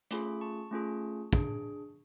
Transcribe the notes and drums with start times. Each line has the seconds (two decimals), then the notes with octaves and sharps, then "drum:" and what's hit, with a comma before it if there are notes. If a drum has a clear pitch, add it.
0.11 A3 C#4 F4 G#4 B5 D6, drum: hi-hat
0.41 A5 C#6
0.71 A3 C#4 F4 G#4
1.33 D4 G#4, drum: kick